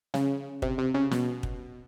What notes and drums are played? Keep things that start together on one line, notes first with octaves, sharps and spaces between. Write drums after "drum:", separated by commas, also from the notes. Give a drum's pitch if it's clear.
C#3, drum: snare
C3, drum: kick
C3
C#3
B2, drum: snare
drum: kick